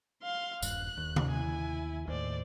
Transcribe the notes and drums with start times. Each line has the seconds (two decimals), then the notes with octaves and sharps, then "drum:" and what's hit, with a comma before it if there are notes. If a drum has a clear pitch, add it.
0.23 F5 C6
0.62 D#1 G2 F#6, drum: tambourine
0.98 D#2
1.16 drum: tom C3
1.30 E4 G#5
2.08 D#2 A2 C5 D5